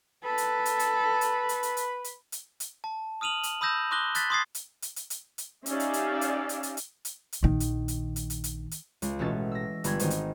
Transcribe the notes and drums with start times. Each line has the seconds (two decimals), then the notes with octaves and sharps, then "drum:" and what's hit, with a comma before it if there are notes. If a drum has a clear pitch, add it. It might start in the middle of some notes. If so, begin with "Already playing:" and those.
0.24 A4 B4 B5
0.38 drum: hi-hat
0.66 drum: hi-hat
0.79 drum: hi-hat
1.21 drum: hi-hat
1.49 drum: hi-hat
1.63 drum: hi-hat
1.77 drum: hi-hat
2.04 drum: hi-hat
2.32 drum: hi-hat
2.60 drum: hi-hat
2.84 A5
3.21 D#6 F6 D#7 F7 F#7
3.43 drum: hi-hat
3.61 B5 D#6 E6 G6 A#6 E7
3.91 C6 D6 D#6 F#6 A#6 G7
4.15 F#6 A6 B6, drum: hi-hat
4.30 C6 D6 D#6 G#6 A6 C7
4.55 drum: hi-hat
4.82 drum: hi-hat
4.96 drum: hi-hat
5.10 drum: hi-hat
5.38 drum: hi-hat
5.66 C#4 D#4 G4 D5 E5 F5, drum: hi-hat
5.80 drum: hi-hat
5.94 drum: hi-hat
6.21 drum: hi-hat
6.49 drum: hi-hat
6.63 drum: hi-hat
6.77 drum: hi-hat
7.05 drum: hi-hat
7.33 drum: hi-hat
7.43 A#1 D#3
7.60 drum: hi-hat
7.88 drum: hi-hat
8.16 drum: hi-hat
8.30 drum: hi-hat
8.44 drum: hi-hat
8.71 drum: hi-hat
9.02 C#2, drum: hi-hat
9.19 A1 B2 C#4 A4 A6
9.52 E6 A#6
9.84 G1 B5 G#6, drum: hi-hat
9.99 G#1 D#4, drum: hi-hat
10.10 drum: hi-hat